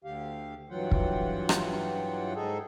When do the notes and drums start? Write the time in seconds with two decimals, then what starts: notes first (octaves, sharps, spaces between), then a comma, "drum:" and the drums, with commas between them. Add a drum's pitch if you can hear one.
0.04 D2 D3 G4 F5
0.70 G2 E3 F#3 F4 F#5 G5
0.91 drum: kick
1.49 drum: rim click
2.35 G#2 D#4 G#4 A4